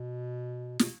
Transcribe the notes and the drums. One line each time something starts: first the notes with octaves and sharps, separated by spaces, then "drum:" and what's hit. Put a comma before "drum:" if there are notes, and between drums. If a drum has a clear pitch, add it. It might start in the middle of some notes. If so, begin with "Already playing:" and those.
Already playing: B2
B2, drum: snare